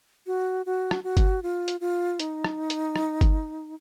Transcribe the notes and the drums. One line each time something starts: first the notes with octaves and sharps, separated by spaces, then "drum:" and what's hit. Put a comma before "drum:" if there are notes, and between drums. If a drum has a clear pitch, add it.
F#4
F#4
drum: rim click
F#4
drum: kick G1, hi-hat
F4
drum: hi-hat
F4
D#4, drum: hi-hat
drum: rim click
drum: hi-hat
drum: rim click
drum: kick G1, hi-hat